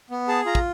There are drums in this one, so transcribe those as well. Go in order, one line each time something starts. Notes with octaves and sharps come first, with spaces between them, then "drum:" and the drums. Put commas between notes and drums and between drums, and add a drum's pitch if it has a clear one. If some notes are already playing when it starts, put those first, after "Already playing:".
B3
G#4 A5
F4 A#5
drum: kick